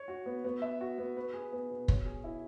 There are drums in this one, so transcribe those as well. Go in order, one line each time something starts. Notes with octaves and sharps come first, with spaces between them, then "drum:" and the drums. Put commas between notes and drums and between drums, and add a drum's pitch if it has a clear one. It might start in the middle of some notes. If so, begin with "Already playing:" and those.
Already playing: C#5
F#4
B3
B3
E5
F#4
B3
B4
G#4
B3
B2
C#5, drum: kick
G#4
E4